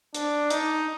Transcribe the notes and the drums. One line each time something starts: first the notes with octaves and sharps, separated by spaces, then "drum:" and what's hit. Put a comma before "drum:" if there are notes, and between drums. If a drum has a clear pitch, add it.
D4, drum: hi-hat
D#4, drum: hi-hat